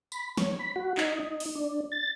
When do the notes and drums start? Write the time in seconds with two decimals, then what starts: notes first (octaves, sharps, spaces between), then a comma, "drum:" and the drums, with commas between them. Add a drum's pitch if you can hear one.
0.12 B5, drum: tambourine
0.37 C#5, drum: snare
0.59 B5
0.76 F#4
0.97 D#4, drum: clap
1.20 D#4
1.40 drum: open hi-hat
1.55 D4
1.92 A6